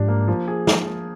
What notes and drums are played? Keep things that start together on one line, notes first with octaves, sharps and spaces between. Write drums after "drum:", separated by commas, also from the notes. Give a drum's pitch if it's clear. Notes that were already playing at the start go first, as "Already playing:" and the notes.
Already playing: G#2 F3 D4 G4
A#3
F3
G#4
drum: snare